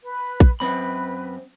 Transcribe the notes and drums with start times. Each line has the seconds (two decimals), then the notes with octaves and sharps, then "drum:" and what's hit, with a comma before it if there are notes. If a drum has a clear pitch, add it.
0.04 B4
0.40 drum: kick A#1
0.60 F#2 C4 B4 B5